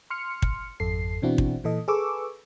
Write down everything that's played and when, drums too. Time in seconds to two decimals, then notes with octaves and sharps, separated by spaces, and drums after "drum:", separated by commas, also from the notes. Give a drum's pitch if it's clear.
0.10 C6 F6 C#7
0.42 drum: kick
0.80 G#1 F2 A4 C7
1.22 B2 E3 C4 D4 E4 F#4
1.38 drum: kick
1.64 A#2 E3 A4 D#5
1.88 G#4 A4 B4 C#6 D6 E6